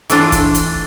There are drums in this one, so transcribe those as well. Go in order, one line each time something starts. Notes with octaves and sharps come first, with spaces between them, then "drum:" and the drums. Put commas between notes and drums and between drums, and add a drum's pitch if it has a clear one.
E3 A3 D4 F4, drum: hi-hat
drum: kick, hi-hat
drum: hi-hat